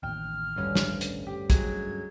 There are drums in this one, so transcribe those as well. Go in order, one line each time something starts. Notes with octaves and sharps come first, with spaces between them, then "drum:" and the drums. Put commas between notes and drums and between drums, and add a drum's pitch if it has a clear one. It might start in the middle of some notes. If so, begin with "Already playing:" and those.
A1 D#2 G5 F6
D2 G2 C#4
drum: snare
drum: hi-hat
G4
F#3 G#3 G#6, drum: kick, hi-hat